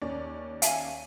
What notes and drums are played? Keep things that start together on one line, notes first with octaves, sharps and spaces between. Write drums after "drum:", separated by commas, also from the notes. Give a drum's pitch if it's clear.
D#2 C#4 D5
E5 F5 G#5, drum: hi-hat